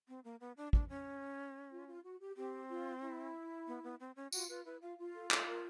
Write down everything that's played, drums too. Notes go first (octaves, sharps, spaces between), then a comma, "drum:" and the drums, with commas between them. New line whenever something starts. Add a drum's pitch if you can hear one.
C4
A#3
B3
D4
D4, drum: kick
C#4
F4
F4
F#4
G4
C4 G4
F4
E4
B3
B3
C4
C#4
F4 F#4, drum: tambourine
F4 B4
E4 B4
F4 F5
F4
A4
A4, drum: clap
A#4